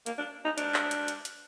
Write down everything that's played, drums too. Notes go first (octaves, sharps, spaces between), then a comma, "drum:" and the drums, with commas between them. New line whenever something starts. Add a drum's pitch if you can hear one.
A#3, drum: hi-hat
D4
D#4
D4, drum: hi-hat
drum: clap
drum: hi-hat
drum: hi-hat
drum: hi-hat